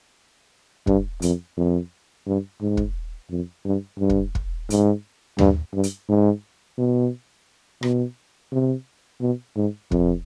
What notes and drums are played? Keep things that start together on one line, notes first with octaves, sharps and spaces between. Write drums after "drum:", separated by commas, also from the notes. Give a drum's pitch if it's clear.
G2, drum: kick
F2, drum: hi-hat
F2
G2
G#2
drum: kick
F2
G2
G2
drum: kick
drum: kick
G#2, drum: hi-hat
G2, drum: tom D#2
G2
drum: hi-hat
G#2
B2
B2, drum: rim click
C3
B2
G#2
F2, drum: kick